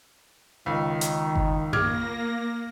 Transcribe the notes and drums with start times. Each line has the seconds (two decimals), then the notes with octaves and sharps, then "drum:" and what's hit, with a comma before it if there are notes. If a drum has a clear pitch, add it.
0.66 C#2 D#3
1.01 drum: hi-hat
1.35 drum: kick G1
1.73 A#3 D6 F6 G#6 A#6, drum: tom F#2